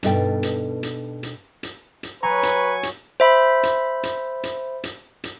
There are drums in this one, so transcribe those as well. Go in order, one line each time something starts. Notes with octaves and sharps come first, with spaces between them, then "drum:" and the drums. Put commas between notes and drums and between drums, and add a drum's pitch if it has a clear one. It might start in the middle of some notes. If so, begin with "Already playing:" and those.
G2 B2 D#4 A4 E5 G5, drum: hi-hat
drum: hi-hat
drum: hi-hat
drum: hi-hat
drum: hi-hat
drum: hi-hat
F#3 B4 G#5 A#5 C#6
drum: hi-hat
drum: hi-hat
C5 E5 B5
drum: hi-hat
drum: hi-hat
drum: hi-hat
drum: hi-hat
drum: hi-hat